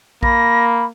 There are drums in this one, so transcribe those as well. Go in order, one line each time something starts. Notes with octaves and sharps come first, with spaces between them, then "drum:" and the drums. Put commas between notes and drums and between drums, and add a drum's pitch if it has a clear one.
A#3 B5 A#6, drum: kick A#1